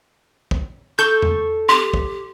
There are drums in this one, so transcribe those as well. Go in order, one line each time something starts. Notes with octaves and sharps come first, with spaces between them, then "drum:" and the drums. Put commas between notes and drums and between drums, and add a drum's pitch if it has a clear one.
drum: kick
A4 C#6 G6
drum: tom E2
G4 C6
drum: kick